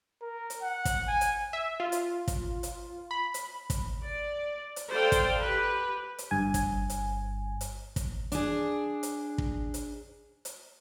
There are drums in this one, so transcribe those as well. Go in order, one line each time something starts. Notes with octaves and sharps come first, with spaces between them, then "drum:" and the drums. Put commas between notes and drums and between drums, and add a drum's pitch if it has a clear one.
A#4
drum: hi-hat
F#5
drum: kick, hi-hat
G#5
drum: hi-hat
E5
F4
drum: hi-hat
drum: kick, hi-hat
drum: hi-hat
B5
drum: hi-hat
drum: kick, hi-hat
D5
drum: hi-hat
A4 C5 D5 F5 G5
drum: kick, hi-hat
G4 B4
drum: hi-hat
G1 G2 G#5
drum: kick, hi-hat
drum: hi-hat
drum: hi-hat
drum: kick, hi-hat
D4 G#4, drum: hi-hat
drum: hi-hat
drum: kick
drum: hi-hat
drum: hi-hat